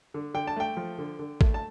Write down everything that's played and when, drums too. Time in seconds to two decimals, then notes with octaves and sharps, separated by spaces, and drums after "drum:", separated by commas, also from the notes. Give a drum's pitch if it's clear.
0.14 D3
0.34 D3 G5
0.47 A5
0.56 A3 G5
0.77 F3
0.98 D3
1.19 D3
1.41 A3, drum: kick
1.54 A5